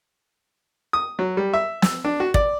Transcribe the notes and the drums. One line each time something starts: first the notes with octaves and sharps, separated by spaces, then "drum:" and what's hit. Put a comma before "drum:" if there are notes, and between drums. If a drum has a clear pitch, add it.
D#6
F#3
G3
E5
E6, drum: snare
D4
F#4
D5, drum: kick